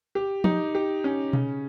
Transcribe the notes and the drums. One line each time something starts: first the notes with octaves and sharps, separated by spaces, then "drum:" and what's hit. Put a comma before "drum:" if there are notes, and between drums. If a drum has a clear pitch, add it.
G4
D#4, drum: tom F3
G4
C#4
C#3, drum: tom B2